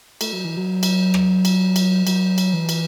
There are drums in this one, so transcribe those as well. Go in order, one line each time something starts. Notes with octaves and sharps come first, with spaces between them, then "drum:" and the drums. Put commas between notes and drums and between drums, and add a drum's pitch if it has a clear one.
A3, drum: cymbal
F#3
E3
F#3
drum: cymbal
drum: rim click
drum: cymbal
drum: cymbal
F#3, drum: cymbal
drum: cymbal
E3
drum: cymbal